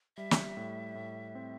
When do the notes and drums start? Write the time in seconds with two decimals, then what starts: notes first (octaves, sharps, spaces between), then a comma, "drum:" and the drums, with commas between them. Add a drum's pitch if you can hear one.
0.17 G3 E5
0.31 drum: snare
0.57 A2
0.95 A2
1.35 C4